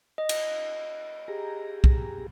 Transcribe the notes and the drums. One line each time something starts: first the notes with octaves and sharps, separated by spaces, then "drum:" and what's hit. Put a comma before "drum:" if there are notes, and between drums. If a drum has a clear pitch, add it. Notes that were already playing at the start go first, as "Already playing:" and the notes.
D#5
drum: cymbal
G4 G#4 A#5
drum: kick